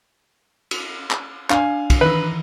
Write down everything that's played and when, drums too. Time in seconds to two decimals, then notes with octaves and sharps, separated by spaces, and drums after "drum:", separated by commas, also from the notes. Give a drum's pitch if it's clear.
0.71 drum: cymbal
1.11 drum: clap
1.50 D4 F5 G#5, drum: clap
1.90 drum: kick, cymbal
2.01 D#3 E3 D#4 B4